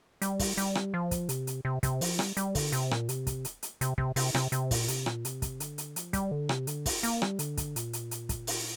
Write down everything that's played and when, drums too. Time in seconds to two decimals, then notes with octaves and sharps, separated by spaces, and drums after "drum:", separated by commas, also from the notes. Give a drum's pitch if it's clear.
0.22 G3, drum: hi-hat
0.39 drum: kick, open hi-hat
0.57 G3, drum: hi-hat
0.75 drum: rim click
0.94 F3
1.11 drum: kick, hi-hat
1.29 C3, drum: hi-hat
1.47 drum: hi-hat
1.65 C3
1.83 C3, drum: kick, hi-hat
2.01 F3, drum: open hi-hat
2.19 G3, drum: rim click
2.37 G3, drum: hi-hat
2.55 D3, drum: kick, open hi-hat
2.72 C3, drum: hi-hat
2.91 A#2, drum: rim click
3.09 C3, drum: hi-hat
3.27 drum: kick, hi-hat
3.45 drum: hi-hat
3.63 drum: hi-hat
3.81 C3, drum: hi-hat
3.98 C3, drum: kick
4.16 C3, drum: open hi-hat
4.35 C3, drum: rim click
4.52 C3, drum: hi-hat
4.71 A#2, drum: kick, open hi-hat
4.88 C3, drum: hi-hat
5.06 A#2, drum: rim click
5.25 C3, drum: hi-hat
5.42 drum: kick, hi-hat
5.60 D3, drum: hi-hat
5.78 drum: hi-hat
5.96 F3, drum: hi-hat
6.13 G3, drum: kick, hi-hat
6.31 D3
6.49 C3, drum: rim click
6.67 D3, drum: hi-hat
6.86 drum: kick, open hi-hat
7.03 A#3, drum: hi-hat
7.22 G3, drum: rim click
7.39 D3, drum: hi-hat
7.57 drum: kick, hi-hat
7.76 A#2, drum: hi-hat
7.93 drum: hi-hat
8.11 drum: hi-hat
8.29 drum: kick, hi-hat
8.47 drum: open hi-hat